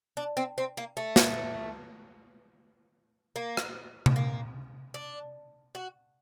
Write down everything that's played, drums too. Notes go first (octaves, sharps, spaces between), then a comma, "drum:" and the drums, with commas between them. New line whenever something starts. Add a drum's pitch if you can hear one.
D4
C4
C4
A#3
A3
drum: snare
A#3
drum: rim click
drum: tom C3
A#3
D4
F#4